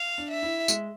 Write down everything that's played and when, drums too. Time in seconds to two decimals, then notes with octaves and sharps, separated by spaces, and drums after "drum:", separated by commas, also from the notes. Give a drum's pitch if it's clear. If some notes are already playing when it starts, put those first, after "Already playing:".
Already playing: F5
0.18 D4
0.31 E5
0.43 E4
0.68 G#3, drum: tambourine